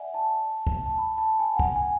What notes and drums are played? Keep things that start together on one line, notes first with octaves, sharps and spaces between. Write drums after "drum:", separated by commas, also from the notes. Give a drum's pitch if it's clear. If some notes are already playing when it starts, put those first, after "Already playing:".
Already playing: D5 E5 F#5 G#5
A5
drum: kick
A5
B5
A5
G#5
F#5
G#5, drum: kick
G#5